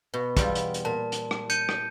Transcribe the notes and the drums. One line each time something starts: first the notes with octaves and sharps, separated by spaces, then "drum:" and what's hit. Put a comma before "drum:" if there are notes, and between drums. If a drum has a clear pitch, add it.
B2
E2 G3 F4, drum: kick, hi-hat
drum: hi-hat
drum: hi-hat
A#2 A5
drum: hi-hat
drum: rim click
G6 C#7 D#7, drum: hi-hat
drum: rim click